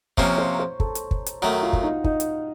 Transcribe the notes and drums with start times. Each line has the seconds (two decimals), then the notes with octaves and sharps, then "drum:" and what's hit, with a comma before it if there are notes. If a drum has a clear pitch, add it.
0.18 C3 F3 A#3 C#4 C#5 C#6, drum: kick
0.38 C5 C6
0.54 A#5
0.59 C5 C6
0.80 A4 A5, drum: kick
0.95 drum: hi-hat
1.11 drum: kick
1.26 drum: hi-hat
1.42 F#2 D#3 A3 F#4 F#5
1.62 F4 F5
1.73 drum: kick
1.83 D#4 D#5
2.04 D#4 D#5, drum: kick
2.20 drum: hi-hat